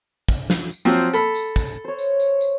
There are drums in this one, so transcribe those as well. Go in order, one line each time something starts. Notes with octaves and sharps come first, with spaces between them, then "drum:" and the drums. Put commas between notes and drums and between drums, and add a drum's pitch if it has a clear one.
drum: kick, tambourine
drum: snare
drum: tambourine
F3 F#3 C4
A4 B5, drum: tambourine
drum: tambourine
drum: kick, tambourine
C5 C#5
drum: tambourine
drum: tambourine
drum: tambourine